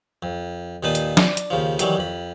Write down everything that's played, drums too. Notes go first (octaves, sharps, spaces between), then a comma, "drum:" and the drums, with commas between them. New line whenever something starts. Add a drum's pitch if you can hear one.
F2
D#2 A#2 D#4 B4 A5 B5
drum: hi-hat
D4, drum: snare
drum: hi-hat
D#2 C#3 F3
D#3 E3 F#3 G3, drum: hi-hat
F2 B5